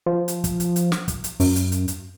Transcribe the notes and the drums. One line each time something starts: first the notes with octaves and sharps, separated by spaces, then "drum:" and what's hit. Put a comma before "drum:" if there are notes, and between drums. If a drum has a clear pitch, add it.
F3
drum: hi-hat
drum: kick, hi-hat
drum: hi-hat
drum: hi-hat
drum: snare
drum: kick, hi-hat
drum: hi-hat
F#2, drum: open hi-hat
drum: hi-hat
drum: hi-hat
drum: hi-hat